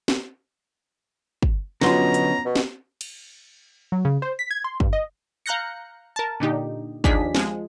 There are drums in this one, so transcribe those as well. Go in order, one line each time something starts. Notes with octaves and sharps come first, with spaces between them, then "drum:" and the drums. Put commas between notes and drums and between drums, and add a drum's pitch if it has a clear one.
drum: snare
drum: kick
B2 D3 F3 F#3 B3 C#4 A#5 C6, drum: snare
drum: hi-hat
B2
drum: snare
drum: cymbal
F#3
C#3
C5
B6
G#6
C6
G2, drum: kick
D#5
F5 A#5 F#6 G6 A#6 C#7
A#4 A5
A#2 D3 D#4 G4
D#2 F3 D4 D#4 G#4 B6, drum: kick
F3 G#3, drum: snare